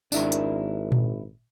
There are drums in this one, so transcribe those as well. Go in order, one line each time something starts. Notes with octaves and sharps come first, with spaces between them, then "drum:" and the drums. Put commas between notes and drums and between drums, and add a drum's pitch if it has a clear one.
G#1 D4 E4 A#4, drum: tambourine
drum: hi-hat
drum: tom A#2